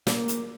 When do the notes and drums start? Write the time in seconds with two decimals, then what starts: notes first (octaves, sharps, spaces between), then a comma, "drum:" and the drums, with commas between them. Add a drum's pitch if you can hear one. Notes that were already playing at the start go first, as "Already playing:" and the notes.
0.07 A#3, drum: snare
0.28 drum: hi-hat